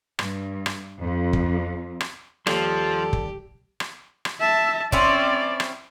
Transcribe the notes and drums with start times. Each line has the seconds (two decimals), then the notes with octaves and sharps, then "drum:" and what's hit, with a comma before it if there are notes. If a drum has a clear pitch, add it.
0.19 G2, drum: rim click
0.66 drum: rim click
1.01 F2
1.33 drum: kick
2.00 drum: rim click
2.47 D#2 F3 G3 G4 A4 C6, drum: rim click
3.13 drum: kick
3.80 drum: rim click
4.25 drum: rim click
4.40 E5 A5
4.92 C4 C#4 E4 D5, drum: kick
5.60 drum: rim click